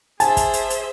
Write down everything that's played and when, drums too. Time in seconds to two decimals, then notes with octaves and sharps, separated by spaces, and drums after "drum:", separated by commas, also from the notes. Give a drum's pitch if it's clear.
0.20 G#4 C5 E5 G#5 A5, drum: hi-hat
0.37 drum: kick, hi-hat
0.53 drum: hi-hat
0.70 drum: hi-hat